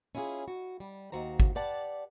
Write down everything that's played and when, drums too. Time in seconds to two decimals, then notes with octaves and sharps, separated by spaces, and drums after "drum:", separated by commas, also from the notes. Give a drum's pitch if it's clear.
0.15 C#4 E4 F4 G4 G#4
0.48 F#4
0.80 G3
1.12 D#2 F#4 C5 A#5
1.40 drum: kick G#1
1.55 G4 B4 D5 F#5 A5